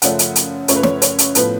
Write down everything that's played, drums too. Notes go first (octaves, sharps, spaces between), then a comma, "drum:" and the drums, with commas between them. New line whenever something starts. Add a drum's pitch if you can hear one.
F#2 C#3 F3 A3 C#4 F#5, drum: hi-hat
drum: hi-hat
drum: hi-hat
F#2 C#3 F3 A3 C#4 C#5, drum: hi-hat
B4
C#5, drum: snare
C#5, drum: hi-hat
drum: hi-hat
A2 F3 B3 B4, drum: hi-hat